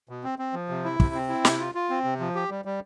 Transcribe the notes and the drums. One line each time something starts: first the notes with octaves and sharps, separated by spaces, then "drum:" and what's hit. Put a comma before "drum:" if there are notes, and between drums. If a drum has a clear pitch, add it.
B2
C4
C4
F3
C3
E4
C3, drum: kick
C4
E4
C3, drum: snare
F4
F4
C4
C3
F3
G4
G3
G3